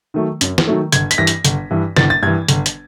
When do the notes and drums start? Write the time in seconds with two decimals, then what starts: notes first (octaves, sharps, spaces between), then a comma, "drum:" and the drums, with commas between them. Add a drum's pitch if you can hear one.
0.14 D#3 F#3 A3
0.41 F#2, drum: hi-hat
0.58 drum: snare
0.67 D#3 F#3 A3
0.92 G1 G#6, drum: hi-hat
1.11 B6, drum: hi-hat
1.18 G2 E3 A#6
1.27 drum: hi-hat
1.45 G1, drum: hi-hat
1.71 G2 E3
1.96 G1 A6, drum: snare
2.10 A6
2.22 G2 E3 G#6
2.48 G1, drum: hi-hat
2.66 drum: hi-hat